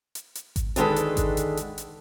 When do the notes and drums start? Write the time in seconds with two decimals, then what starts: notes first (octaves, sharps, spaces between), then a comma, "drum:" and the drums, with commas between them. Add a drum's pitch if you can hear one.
0.15 drum: hi-hat
0.35 drum: hi-hat
0.56 drum: kick G#1, hi-hat
0.76 D3 D#3 G#3 A4 B4, drum: hi-hat
0.96 drum: hi-hat
1.17 drum: kick G#1, hi-hat
1.37 drum: hi-hat
1.57 drum: hi-hat
1.78 drum: hi-hat